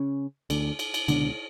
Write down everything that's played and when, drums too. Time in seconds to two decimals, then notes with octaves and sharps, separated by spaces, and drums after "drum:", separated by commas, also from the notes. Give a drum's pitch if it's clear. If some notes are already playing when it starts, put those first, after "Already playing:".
Already playing: C#3 C#4
0.50 D2 D3, drum: cymbal
0.79 drum: cymbal
0.94 drum: cymbal
1.08 C#2 B2 D3 D4, drum: cymbal